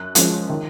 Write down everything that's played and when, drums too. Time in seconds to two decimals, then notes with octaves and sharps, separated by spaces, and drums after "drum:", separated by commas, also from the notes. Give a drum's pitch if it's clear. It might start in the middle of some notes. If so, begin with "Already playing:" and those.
Already playing: F#2 F#6
0.15 F3 G#3 C#4, drum: hi-hat
0.49 D#3